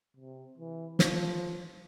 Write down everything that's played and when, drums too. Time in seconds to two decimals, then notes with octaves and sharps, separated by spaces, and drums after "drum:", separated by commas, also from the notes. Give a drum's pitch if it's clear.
0.17 C3
0.57 E3
0.99 F3, drum: snare